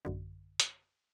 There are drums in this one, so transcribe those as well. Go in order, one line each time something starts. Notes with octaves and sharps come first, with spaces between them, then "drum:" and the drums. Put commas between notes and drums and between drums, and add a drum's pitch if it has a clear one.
A1 F#2 D3
drum: hi-hat